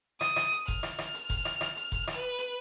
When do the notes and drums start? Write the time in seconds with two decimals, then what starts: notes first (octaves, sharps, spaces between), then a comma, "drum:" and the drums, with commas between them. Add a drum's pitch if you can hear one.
0.21 D#6, drum: rim click
0.36 drum: rim click
0.52 drum: hi-hat
0.68 F6, drum: kick F1, hi-hat
0.83 drum: rim click
0.98 drum: rim click
1.14 drum: hi-hat
1.30 drum: kick F1, hi-hat
1.45 drum: rim click
1.61 drum: rim click
1.76 drum: hi-hat
1.92 drum: kick F1, hi-hat
2.07 drum: rim click
2.17 B4
2.38 drum: hi-hat